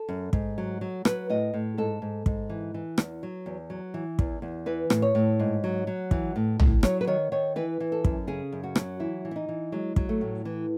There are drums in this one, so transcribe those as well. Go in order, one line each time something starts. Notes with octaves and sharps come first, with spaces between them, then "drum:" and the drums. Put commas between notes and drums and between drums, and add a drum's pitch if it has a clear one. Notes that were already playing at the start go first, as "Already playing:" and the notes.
Already playing: A4
F#2
G#2, drum: kick
F#3
F#3
F#3 B4, drum: rim click
A2 D#5
A2
G#2 A4
G#2
G#2, drum: kick
E3
E3
E2, drum: rim click
F#3
E2
F#3
E3
E2, drum: kick
E2
E3 B4
A2, drum: rim click
C#5
A2
G#2
F#3
F#3
E3, drum: kick
A2
A2, drum: tom A#1
F#3 C#5, drum: rim click
B4
D#3 C#5
D#3 C#5
E3 B4
E3
A4
F#2, drum: kick
C#3 G#4
F#2
F#4
F#3, drum: rim click
E3 E4
E3
E4
D#4
E3
F#3 G#3
F#3, drum: kick
A3
A2
E3